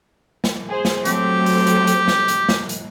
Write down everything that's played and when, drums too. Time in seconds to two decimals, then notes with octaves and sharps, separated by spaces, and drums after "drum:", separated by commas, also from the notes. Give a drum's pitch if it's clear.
0.44 drum: snare
0.69 G#4 C5
0.85 drum: snare
1.05 F#3 A3 C4 G4, drum: hi-hat
1.46 drum: open hi-hat
1.67 drum: hi-hat
1.87 drum: hi-hat
2.08 drum: snare
2.28 drum: hi-hat
2.49 drum: snare
2.69 drum: hi-hat